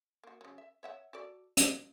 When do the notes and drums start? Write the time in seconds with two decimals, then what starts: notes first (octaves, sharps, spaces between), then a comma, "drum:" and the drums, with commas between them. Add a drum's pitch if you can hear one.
0.24 A#3 F#4
0.41 C#3 F#3
0.58 E5
0.83 C#5 E5 F#5
1.13 F#4 A4 D5
1.57 F5, drum: hi-hat